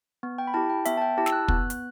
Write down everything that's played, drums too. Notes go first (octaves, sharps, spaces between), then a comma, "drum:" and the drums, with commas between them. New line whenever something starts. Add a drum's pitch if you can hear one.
B3
G5
B5
E4 G4 A5
G5
B3 E5, drum: hi-hat
A5
G5
E4 G4 A5
E6, drum: snare
F#6
B3 F#6, drum: kick
drum: hi-hat